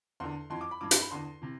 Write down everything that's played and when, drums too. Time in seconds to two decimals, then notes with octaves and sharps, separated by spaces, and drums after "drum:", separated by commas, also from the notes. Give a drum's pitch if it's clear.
0.20 E2 D3 C6
0.50 F2 E3 C6
0.61 D6
0.71 B5
0.81 G2 E3 D6
0.91 C6, drum: hi-hat
1.01 B5
1.11 E2 D3 C6
1.42 C3 E3